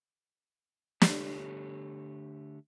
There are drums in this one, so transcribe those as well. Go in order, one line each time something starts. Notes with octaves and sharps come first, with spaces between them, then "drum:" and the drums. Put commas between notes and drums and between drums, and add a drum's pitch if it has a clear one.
D3 A3 G4 C#5, drum: snare